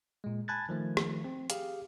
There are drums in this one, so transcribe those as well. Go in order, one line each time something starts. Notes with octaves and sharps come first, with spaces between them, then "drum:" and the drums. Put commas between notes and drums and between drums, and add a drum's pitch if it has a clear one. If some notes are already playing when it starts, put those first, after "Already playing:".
A#2 G#3
G#5 A5 B5 F#6 G#6 A6
D#3 F3 A3
drum: rim click
C4
G4 G#4 F5, drum: hi-hat